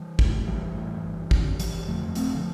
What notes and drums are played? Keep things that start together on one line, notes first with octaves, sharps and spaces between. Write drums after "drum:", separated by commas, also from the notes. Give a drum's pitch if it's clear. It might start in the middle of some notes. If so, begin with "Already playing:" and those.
Already playing: E3 G3
A2, drum: kick
A#1 E3 G3
A2
G1
F2 D3, drum: kick
G1 E3 G3, drum: hi-hat
F2 D3 F3 A3
G1 A3 C4, drum: hi-hat
D3 F3